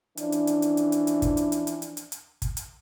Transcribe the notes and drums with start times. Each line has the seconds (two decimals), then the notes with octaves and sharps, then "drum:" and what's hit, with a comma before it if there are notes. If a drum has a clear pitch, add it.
0.17 E3 F3 C#4 D4, drum: hi-hat
0.32 drum: hi-hat
0.47 drum: hi-hat
0.62 drum: hi-hat
0.77 drum: hi-hat
0.92 drum: hi-hat
1.07 drum: hi-hat
1.22 drum: kick, hi-hat
1.37 drum: hi-hat
1.52 drum: hi-hat
1.67 drum: hi-hat
1.82 drum: hi-hat
1.97 drum: hi-hat
2.12 drum: hi-hat
2.42 drum: kick, hi-hat
2.57 drum: hi-hat